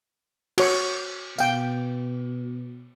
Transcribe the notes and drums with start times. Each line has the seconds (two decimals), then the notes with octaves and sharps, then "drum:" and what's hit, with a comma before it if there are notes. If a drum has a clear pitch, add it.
0.58 F#4 C#5 C#6, drum: cymbal
1.38 B2 F5 G5, drum: tambourine